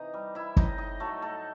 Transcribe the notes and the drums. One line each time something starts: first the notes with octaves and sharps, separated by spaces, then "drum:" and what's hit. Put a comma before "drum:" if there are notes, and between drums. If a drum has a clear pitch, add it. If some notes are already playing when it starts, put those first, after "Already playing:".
Already playing: C3 E3 D#4 D#5
G3
E4 E5
A2 D#4 D#5, drum: kick
D#4 D#5
F#3 A3 A4
A3 A4